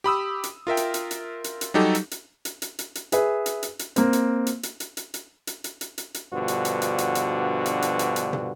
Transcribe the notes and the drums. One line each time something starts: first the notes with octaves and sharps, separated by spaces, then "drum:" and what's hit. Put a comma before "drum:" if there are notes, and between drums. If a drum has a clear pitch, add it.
G4 B5 D#6 E6
drum: hi-hat
F4 A#4 E5 G5
drum: hi-hat
drum: hi-hat
drum: hi-hat
drum: hi-hat
drum: hi-hat
F#3 G3 D#4 G4 A4
drum: hi-hat
drum: hi-hat
drum: hi-hat
drum: hi-hat
drum: hi-hat
drum: hi-hat
G#4 B4 E5, drum: hi-hat
drum: hi-hat
drum: hi-hat
drum: hi-hat
A#3 C4, drum: hi-hat
drum: hi-hat
drum: hi-hat
drum: hi-hat
drum: hi-hat
drum: hi-hat
drum: hi-hat
drum: hi-hat
drum: hi-hat
drum: hi-hat
drum: hi-hat
drum: hi-hat
G2 B2 D3 F3 F#4
drum: hi-hat
drum: hi-hat
drum: hi-hat
drum: hi-hat
drum: hi-hat
drum: hi-hat
drum: hi-hat
drum: hi-hat
drum: hi-hat
drum: tom